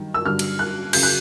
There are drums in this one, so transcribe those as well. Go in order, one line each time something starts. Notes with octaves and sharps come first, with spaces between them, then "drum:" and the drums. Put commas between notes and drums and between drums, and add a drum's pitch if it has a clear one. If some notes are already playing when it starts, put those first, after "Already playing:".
Already playing: G2 D#3 F#3
E6
G2 D3 F#3 F6
drum: cymbal
F#6
C#3 F#3 G6, drum: cymbal
F#6